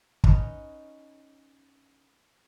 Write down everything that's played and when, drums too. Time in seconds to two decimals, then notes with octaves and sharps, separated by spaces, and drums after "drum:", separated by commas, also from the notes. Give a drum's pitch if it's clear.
0.24 C#4 D#4 B4 D#5, drum: kick